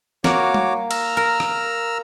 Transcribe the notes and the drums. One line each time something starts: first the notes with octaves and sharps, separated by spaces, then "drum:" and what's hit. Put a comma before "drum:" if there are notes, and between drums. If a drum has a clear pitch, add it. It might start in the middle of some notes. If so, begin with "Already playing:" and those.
A#3 F#4 C#5 D6, drum: snare
drum: tom G3
A#5 E6 F6, drum: cymbal
A#4
drum: rim click